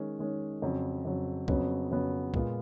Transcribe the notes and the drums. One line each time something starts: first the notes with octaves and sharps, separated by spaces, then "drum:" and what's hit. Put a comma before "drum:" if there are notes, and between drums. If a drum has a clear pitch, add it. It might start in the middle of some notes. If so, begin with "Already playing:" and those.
Already playing: D#3 G#3 C#4
D#3 G#3 C#4
F2 C#3 F#3
F2 C#3 F#3
F2 C#3 F#3 B3, drum: kick
F2 C#3 F#3 B3
A#2 G#3 B3 F4, drum: kick